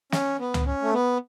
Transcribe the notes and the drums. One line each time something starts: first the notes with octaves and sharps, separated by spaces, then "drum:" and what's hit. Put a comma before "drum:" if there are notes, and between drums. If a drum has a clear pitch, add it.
C#4, drum: snare
B3
drum: tom C#2
C#4
A3
B3